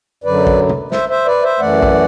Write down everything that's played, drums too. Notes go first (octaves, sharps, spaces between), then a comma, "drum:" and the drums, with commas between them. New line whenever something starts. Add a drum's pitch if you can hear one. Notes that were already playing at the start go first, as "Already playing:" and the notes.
F#2 D3 F#3 B4 D5
drum: kick A#1
drum: tom
C5 E5, drum: snare
C5 E5
B4 D5
C5 E5
F#2 E3 A3 D5 F#5
drum: kick A#1